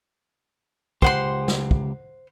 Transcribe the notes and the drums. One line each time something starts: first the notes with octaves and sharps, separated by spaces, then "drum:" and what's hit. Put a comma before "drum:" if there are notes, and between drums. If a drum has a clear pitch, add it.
C#2 G4 C5 F#5 C6, drum: kick
drum: snare
drum: kick